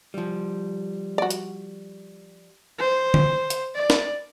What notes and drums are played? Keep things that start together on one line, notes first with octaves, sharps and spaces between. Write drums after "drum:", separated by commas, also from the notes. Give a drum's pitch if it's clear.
F3 G3
F#4 D5
drum: hi-hat
C5
drum: tom
drum: hi-hat
D5
drum: snare